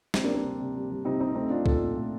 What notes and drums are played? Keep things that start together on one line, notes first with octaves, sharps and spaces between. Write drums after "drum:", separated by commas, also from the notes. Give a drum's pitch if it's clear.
G3 C4, drum: snare
A#3 D4
G3
A#3 D4
C3
C3
G3
G3
C3 C4 D#4
C3 C4 D#4
A3 C4 D#4
A3 D4 F4
A#2 F4 A4, drum: kick
A#2
A3